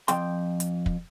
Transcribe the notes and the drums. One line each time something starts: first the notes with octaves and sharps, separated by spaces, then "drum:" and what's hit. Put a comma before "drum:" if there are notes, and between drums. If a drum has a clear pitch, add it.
F2 G5 C6, drum: hi-hat
drum: hi-hat
drum: kick